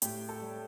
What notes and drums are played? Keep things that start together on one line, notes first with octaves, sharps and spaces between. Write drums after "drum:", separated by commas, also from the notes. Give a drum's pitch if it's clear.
A2 G4 G5, drum: hi-hat
A4 A5
G3